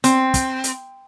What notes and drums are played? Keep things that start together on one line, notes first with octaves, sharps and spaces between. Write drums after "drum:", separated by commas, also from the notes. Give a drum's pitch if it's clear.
C4, drum: hi-hat
drum: kick, hi-hat
drum: hi-hat